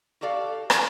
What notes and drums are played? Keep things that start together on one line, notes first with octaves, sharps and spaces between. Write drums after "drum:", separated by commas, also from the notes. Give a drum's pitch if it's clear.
F#4 G4 A4 D5 F5
drum: rim click